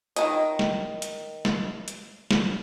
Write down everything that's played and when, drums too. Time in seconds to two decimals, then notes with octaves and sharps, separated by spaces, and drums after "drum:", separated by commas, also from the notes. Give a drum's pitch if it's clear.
0.16 D#3 A#3 D#5, drum: hi-hat
0.59 drum: snare
1.02 drum: hi-hat
1.45 drum: snare
1.88 drum: hi-hat
2.31 drum: snare